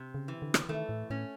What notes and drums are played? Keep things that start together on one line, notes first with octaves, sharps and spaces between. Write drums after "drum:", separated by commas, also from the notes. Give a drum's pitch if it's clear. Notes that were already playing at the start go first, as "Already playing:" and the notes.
Already playing: C3
C#3
E3
D3
drum: rim click
D#3 A3
A2
A2 C#4